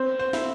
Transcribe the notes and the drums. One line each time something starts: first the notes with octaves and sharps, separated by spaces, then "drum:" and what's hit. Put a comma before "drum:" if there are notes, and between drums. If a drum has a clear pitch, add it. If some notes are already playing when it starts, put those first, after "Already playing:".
Already playing: C4 C5
C5
E4, drum: snare